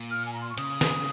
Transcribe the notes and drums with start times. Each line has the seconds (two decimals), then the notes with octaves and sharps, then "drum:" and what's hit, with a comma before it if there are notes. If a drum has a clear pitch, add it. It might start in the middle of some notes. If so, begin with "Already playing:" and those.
Already playing: A#2
0.11 F6
0.26 G#5
0.33 A#5
0.41 C6
0.50 C#6
0.57 C#3 D#6, drum: hi-hat
0.81 drum: snare